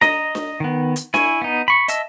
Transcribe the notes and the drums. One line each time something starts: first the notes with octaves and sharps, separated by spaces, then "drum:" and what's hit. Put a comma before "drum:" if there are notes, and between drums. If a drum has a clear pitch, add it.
D#5 A#5, drum: snare D4
drum: snare D4
D#3 B3
drum: hi-hat
E4 G#5 C#6, drum: snare D4
B3 D#4
B5 C#6
D#5 E5 A5 E6, drum: hi-hat